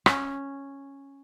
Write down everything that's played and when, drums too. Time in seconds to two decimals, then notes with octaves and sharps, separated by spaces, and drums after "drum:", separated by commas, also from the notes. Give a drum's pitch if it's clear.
0.06 C#4, drum: rim click